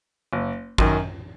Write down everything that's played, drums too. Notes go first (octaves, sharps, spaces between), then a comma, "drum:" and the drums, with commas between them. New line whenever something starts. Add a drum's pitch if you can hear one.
F#1
F#2 D#3, drum: kick G#1